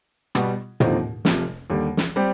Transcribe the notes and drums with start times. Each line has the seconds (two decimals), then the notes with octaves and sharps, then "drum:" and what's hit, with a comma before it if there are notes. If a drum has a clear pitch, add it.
0.35 B2 G3 B3, drum: rim click
0.80 D#2 D3 F3 C4 D#4, drum: tom
1.25 F1 F2 C3, drum: snare
1.70 D#2 D3 G3
1.97 drum: snare
2.16 G3 C4 G4